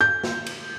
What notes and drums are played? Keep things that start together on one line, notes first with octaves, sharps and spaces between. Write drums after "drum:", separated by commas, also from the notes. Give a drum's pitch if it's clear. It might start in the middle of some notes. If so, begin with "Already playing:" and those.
G6
drum: snare
drum: cymbal